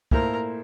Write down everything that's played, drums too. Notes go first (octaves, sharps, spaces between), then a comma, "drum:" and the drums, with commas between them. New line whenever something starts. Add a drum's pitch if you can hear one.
A#2 A3 E4 A4 A#4 C5, drum: kick